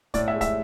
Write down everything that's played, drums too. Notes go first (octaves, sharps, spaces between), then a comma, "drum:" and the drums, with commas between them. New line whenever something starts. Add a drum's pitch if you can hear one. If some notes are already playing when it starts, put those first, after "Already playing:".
A2 D5, drum: kick, hi-hat
E5
G#3
E5, drum: kick, hi-hat